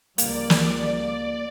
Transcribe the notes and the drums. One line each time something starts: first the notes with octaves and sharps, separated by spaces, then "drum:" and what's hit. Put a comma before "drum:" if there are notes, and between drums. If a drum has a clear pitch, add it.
C#2 F3 G3 A#3 D5, drum: hi-hat
drum: snare